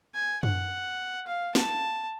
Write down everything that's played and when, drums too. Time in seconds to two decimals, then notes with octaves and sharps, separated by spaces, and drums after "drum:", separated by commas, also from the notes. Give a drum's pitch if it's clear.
0.15 G#5
0.43 F#5, drum: tom F#2
1.27 F5
1.55 A5, drum: snare